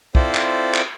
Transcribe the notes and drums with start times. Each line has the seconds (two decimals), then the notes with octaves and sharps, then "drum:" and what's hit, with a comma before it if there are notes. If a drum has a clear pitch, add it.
0.15 C4 E4 F4 A4 C5 D5, drum: kick
0.35 drum: clap
0.74 drum: clap